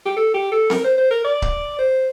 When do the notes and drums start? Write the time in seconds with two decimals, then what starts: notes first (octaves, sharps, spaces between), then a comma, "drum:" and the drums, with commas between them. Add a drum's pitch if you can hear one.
0.06 G4
0.16 A4
0.34 G4
0.52 A4
0.70 A#4, drum: snare C4
0.84 C5
0.97 C5
1.11 A#4
1.24 D5
1.42 drum: kick C#1
1.78 C5